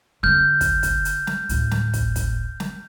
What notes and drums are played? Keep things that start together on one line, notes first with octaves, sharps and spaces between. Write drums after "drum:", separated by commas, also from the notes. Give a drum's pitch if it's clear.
D3 C4 F6 G6
drum: kick, hi-hat
drum: kick, hi-hat
drum: hi-hat
drum: snare
D2 A2, drum: hi-hat
drum: snare
drum: kick, hi-hat
drum: kick, hi-hat
drum: snare